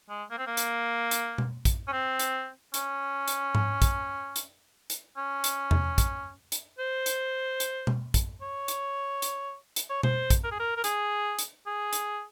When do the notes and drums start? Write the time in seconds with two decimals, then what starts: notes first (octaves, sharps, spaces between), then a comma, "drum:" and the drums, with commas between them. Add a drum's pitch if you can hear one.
0.09 G#3
0.31 A#3
0.38 C4
0.47 A#3
0.57 drum: hi-hat
1.11 drum: hi-hat
1.38 drum: tom B2
1.65 drum: kick, hi-hat
1.88 C#4
1.93 C4
2.19 drum: hi-hat
2.74 C#4, drum: hi-hat
3.28 drum: hi-hat
3.55 drum: tom G#2
3.82 drum: kick, hi-hat
4.36 drum: hi-hat
4.90 drum: hi-hat
5.17 C#4
5.44 drum: hi-hat
5.71 drum: tom E2
5.98 drum: kick, hi-hat
6.52 drum: hi-hat
6.79 C5
7.06 drum: hi-hat
7.60 drum: hi-hat
7.87 drum: tom B2
8.14 drum: kick, hi-hat
8.42 C#5
8.68 drum: hi-hat
9.22 drum: hi-hat
9.76 drum: hi-hat
9.90 C#5
10.03 C5, drum: tom B2
10.30 drum: kick, hi-hat
10.44 A#4
10.51 G#4
10.60 A#4
10.77 A#4
10.84 G#4, drum: hi-hat
11.39 drum: hi-hat
11.66 G#4
11.93 drum: hi-hat